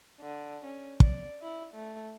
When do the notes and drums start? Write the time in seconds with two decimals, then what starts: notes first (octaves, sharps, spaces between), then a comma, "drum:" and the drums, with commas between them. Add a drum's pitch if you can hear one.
0.20 D3
0.65 C#4
1.00 D5, drum: kick
1.42 E4
1.74 A3